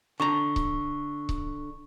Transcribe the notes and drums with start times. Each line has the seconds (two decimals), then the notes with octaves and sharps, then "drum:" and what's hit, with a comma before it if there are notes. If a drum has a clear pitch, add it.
0.20 D3 A5 A#5 C#6
0.56 drum: kick C#1
1.29 drum: kick C#1